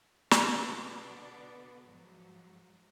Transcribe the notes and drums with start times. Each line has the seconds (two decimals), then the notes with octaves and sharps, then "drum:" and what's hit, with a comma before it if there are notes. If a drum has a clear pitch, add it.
0.31 B2 D3 B3 D4 D5, drum: snare
1.88 G#2 F3 F#3